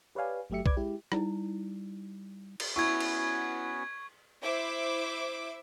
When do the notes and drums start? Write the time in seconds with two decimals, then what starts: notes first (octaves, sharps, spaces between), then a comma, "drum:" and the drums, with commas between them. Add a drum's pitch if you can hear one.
0.15 G4 B4 C#5 D5 F5 G#5
0.50 G1 F#3 A3 G4 E5 C#7
0.66 B4 D5 D6 G#6, drum: kick
0.77 G#3 E4 G4
1.12 G3 D#4 E4, drum: rim click
2.60 drum: cymbal
2.76 B3 C#4 E4 F#4 C#6 G#6
3.00 drum: cymbal
4.43 E4 C5 E5 D6